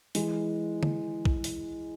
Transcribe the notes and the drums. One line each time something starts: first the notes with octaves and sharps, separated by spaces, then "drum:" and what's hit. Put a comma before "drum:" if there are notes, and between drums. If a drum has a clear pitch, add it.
E3 G#3, drum: open hi-hat
drum: tom D3
drum: kick B1
drum: open hi-hat